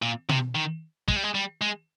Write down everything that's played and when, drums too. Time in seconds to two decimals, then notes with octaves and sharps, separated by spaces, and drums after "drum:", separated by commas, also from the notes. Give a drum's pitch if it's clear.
0.02 A#2
0.29 C3, drum: tom B2
0.55 D#3
1.08 G#3, drum: kick
1.16 G3
1.24 G#3
1.35 G3
1.61 G#3